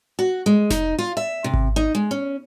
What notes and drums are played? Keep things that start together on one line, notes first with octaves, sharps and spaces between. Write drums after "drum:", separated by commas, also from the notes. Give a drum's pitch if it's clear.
F#4
G#3
D#4, drum: snare F1
F4
E5
C3
drum: kick G#1
D#4
G#3
C#4